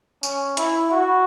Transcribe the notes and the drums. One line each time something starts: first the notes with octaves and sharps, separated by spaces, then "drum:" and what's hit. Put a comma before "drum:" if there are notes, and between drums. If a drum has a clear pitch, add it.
C#4, drum: tambourine
E4, drum: hi-hat
F#4